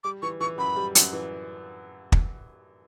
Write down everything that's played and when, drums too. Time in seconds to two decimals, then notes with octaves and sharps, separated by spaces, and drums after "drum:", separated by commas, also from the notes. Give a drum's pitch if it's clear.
0.04 G3 D6
0.22 E3 C#6
0.41 E3 C#6
0.58 F#2 B5
0.76 G3
0.95 F#2, drum: hi-hat
1.13 E3
2.12 drum: kick